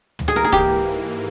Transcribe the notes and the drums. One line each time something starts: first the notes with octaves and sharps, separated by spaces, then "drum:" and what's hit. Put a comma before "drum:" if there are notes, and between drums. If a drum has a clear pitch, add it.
G#2 E3 A#3, drum: tom
G#4
A#4
G#4
G4, drum: kick